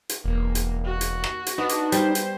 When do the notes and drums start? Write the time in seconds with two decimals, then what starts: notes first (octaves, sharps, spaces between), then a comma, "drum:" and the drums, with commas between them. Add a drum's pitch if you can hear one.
0.09 drum: hi-hat
0.24 E1 A#3
0.55 drum: hi-hat
0.85 F#4
1.01 drum: hi-hat
1.24 drum: rim click
1.47 drum: hi-hat
1.58 B3 D4 D#4
1.69 drum: hi-hat
1.92 G3 C5, drum: hi-hat
2.15 drum: hi-hat